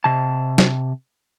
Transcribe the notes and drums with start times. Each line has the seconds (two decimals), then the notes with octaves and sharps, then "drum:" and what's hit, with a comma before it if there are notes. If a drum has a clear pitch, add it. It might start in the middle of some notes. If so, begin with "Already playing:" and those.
0.04 C3 A5
0.58 drum: snare